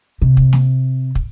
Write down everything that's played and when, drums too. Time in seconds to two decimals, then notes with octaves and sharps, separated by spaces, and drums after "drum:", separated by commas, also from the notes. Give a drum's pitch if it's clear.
0.22 C3
0.37 drum: kick
0.53 drum: snare
1.15 drum: kick